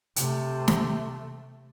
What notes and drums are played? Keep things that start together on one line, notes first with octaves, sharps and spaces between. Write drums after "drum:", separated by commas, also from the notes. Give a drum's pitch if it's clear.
C3 A3, drum: hi-hat
drum: snare